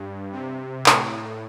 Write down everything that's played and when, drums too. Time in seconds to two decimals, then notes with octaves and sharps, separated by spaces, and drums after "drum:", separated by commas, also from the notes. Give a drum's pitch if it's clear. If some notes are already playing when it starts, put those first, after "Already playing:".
Already playing: G2
0.32 C3
0.86 A2, drum: clap